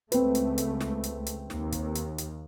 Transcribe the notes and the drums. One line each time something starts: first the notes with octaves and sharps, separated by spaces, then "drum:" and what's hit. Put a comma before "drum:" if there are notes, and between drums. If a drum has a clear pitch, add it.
C#2 A3 C4 B4, drum: hi-hat
drum: hi-hat
drum: hi-hat
drum: snare
drum: hi-hat
drum: hi-hat
D#2, drum: snare
drum: kick, hi-hat
drum: hi-hat
drum: hi-hat